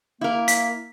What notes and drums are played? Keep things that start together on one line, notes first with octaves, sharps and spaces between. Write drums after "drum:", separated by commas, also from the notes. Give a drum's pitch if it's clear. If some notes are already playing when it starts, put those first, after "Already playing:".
A#3 E4 A#4
B6, drum: hi-hat